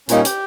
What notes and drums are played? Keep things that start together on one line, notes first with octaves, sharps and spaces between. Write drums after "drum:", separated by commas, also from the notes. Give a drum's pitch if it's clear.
A#2 G3 A#3 C#4 D#4, drum: hi-hat
G4, drum: hi-hat